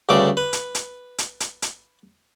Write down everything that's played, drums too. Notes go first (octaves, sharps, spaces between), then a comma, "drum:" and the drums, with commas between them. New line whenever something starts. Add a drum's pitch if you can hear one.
D2 G2 C#3 A3 D5 D6
B4
drum: hi-hat
drum: hi-hat
drum: hi-hat
drum: hi-hat
drum: hi-hat